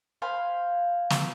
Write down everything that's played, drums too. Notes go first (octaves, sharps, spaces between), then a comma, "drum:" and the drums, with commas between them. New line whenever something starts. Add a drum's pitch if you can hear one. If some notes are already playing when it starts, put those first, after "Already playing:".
C5 F5 G#5 B5
drum: snare